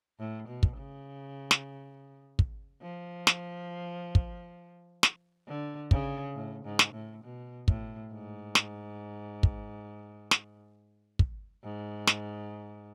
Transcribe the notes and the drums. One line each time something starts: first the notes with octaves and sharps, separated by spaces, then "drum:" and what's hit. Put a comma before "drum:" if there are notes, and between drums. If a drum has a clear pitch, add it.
A2
B2
drum: kick
C#3
drum: snare
drum: kick
F3
drum: snare
drum: kick
drum: snare
D3
C#3, drum: kick
A2
G#2
drum: snare
A2
B2
A2, drum: kick
G#2
drum: snare
drum: kick
drum: snare
drum: kick
G#2
drum: snare